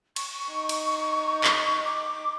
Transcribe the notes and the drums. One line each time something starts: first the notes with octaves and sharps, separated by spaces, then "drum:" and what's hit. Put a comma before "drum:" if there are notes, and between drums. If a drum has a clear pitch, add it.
C#6, drum: cymbal
D#4
drum: cymbal
drum: clap
D6